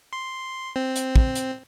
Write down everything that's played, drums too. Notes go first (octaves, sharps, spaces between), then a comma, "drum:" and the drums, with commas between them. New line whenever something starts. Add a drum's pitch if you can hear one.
C6
C4
drum: hi-hat
drum: kick
drum: hi-hat